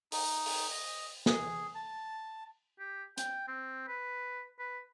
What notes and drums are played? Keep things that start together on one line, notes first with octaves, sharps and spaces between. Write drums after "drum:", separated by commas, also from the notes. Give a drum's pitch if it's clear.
D#4, drum: open hi-hat
drum: open hi-hat
D#5
G#4, drum: snare
A5
G4
G5, drum: hi-hat
C4
B4
B4